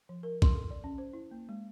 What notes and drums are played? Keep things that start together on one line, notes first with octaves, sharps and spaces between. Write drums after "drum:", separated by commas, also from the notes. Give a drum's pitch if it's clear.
F3
A#4
C6, drum: kick A#1
A4
D5
C#4
C5
E4
A#3
G#3